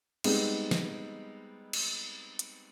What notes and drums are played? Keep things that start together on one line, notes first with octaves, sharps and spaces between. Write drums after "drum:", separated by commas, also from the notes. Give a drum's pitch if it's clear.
G3 G#3 B3 C4 D#4, drum: cymbal
drum: snare
drum: cymbal
drum: hi-hat